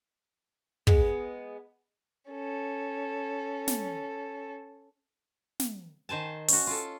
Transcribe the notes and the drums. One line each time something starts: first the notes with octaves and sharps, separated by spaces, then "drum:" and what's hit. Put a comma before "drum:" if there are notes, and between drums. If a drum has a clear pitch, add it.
G#3 B3, drum: kick
C#4 A4
drum: snare
drum: snare
D#3 C5 G#5 A5
C#4 F#4, drum: open hi-hat
F4 A4